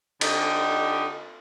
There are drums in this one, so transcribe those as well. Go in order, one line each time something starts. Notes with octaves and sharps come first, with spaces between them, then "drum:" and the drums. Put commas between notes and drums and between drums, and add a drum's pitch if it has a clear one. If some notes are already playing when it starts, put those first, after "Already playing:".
D3 D#4 G4, drum: cymbal